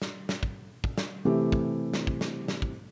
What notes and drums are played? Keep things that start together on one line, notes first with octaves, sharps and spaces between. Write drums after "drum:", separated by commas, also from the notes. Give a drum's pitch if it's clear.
drum: snare
drum: snare
drum: kick
drum: kick
drum: snare
C3 E3 A3 G4
drum: kick
drum: snare
drum: kick
drum: snare
drum: snare
drum: kick